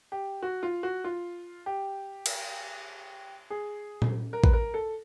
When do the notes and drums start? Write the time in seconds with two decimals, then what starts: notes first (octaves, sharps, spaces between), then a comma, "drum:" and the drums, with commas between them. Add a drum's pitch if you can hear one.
0.12 G4
0.43 F#4
0.63 F4
0.83 F#4
1.04 F4
1.66 G4
2.26 drum: cymbal
3.50 G#4
4.02 drum: tom A#2
4.33 A#4
4.44 B4, drum: kick A1
4.53 A#4
4.74 A4